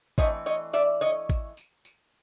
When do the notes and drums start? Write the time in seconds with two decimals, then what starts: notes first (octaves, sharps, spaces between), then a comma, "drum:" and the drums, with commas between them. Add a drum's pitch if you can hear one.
0.18 E3 A3 C4 C#5 D#5, drum: kick, tambourine
0.46 C#5 D#5, drum: tambourine
0.73 D5 E5, drum: tambourine
1.01 C#5 D#5, drum: tambourine
1.29 drum: kick, tambourine
1.57 drum: tambourine
1.85 drum: tambourine